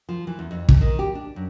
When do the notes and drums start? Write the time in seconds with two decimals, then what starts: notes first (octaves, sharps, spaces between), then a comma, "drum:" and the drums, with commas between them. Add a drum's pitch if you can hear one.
0.09 F3
0.27 E3
0.39 E2
0.51 F2
0.69 A#2, drum: kick
0.81 D#3
0.99 G4
1.15 D4
1.36 F#2